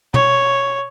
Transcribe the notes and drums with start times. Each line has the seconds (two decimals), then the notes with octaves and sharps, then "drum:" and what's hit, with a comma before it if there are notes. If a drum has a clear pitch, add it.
0.14 C#5, drum: tom